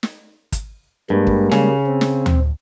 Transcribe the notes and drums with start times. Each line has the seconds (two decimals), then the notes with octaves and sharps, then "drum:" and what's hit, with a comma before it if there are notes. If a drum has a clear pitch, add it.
0.03 drum: snare
0.52 drum: kick, hi-hat
1.10 G2 G3 G#3 A#3
1.27 drum: kick
1.52 C#3, drum: snare
1.86 C4
2.01 drum: snare
2.26 drum: tom D2